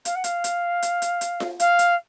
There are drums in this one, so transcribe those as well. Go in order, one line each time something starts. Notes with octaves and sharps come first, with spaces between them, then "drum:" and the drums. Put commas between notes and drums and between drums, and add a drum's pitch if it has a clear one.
F5, drum: hi-hat
F#5
F5, drum: hi-hat
drum: hi-hat
drum: hi-hat
drum: hi-hat
drum: hi-hat
drum: snare F4
F5, drum: hi-hat
drum: hi-hat